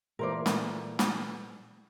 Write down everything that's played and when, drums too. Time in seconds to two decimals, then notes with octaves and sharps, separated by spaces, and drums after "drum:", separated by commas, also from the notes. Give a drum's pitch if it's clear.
0.19 A#2 E3 A3 A#4 C5 D5
0.46 drum: snare
0.99 drum: snare